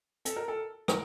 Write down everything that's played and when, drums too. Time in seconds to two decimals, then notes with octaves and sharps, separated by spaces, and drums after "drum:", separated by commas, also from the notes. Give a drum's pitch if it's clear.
0.25 A4, drum: hi-hat
0.36 A#4
0.48 A4
0.88 A#4, drum: rim click